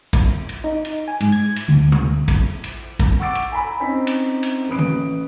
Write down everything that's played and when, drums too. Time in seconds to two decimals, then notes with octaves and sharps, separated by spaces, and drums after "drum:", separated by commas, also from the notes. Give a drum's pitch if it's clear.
0.13 drum: kick, cymbal
0.49 drum: cymbal
0.64 D#4
0.85 drum: cymbal
1.08 G#5
1.21 G#2, drum: cymbal
1.32 G#6
1.56 drum: cymbal
1.68 D2
1.92 drum: tom
2.28 drum: kick, cymbal
2.64 drum: cymbal
3.00 drum: kick, cymbal
3.20 F#5 C#6 D6 E6 A6 D7
3.35 drum: cymbal
3.52 G#5 A#5 B5 E6
3.80 C4 C#4 D#4 B6
4.07 drum: cymbal
4.43 drum: cymbal
4.69 A1 B4 D#6 D7
4.79 drum: tom